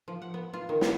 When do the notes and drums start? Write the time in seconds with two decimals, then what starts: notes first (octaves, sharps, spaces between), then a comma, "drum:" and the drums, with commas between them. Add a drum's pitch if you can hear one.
0.08 F3
0.22 F#5
0.34 B3
0.53 F4
0.69 D#3
0.81 B3, drum: snare